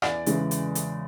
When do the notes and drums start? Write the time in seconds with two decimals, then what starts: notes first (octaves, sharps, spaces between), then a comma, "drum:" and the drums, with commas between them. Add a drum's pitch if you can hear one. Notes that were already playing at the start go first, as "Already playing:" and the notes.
0.02 E2 D5, drum: rim click
0.26 C#3 E3 G#3, drum: hi-hat
0.51 drum: hi-hat
0.75 drum: hi-hat